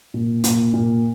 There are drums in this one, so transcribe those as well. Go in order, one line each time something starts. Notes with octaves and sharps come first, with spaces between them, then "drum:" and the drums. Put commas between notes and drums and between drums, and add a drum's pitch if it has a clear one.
A#2
A#2, drum: hi-hat
A#2